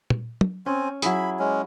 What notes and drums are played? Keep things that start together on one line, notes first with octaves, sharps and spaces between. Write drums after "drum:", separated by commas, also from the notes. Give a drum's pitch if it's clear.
drum: tom
drum: tom
C4 C#4 G#5
F#3 E4 G#4 B5, drum: hi-hat
G#3 C#4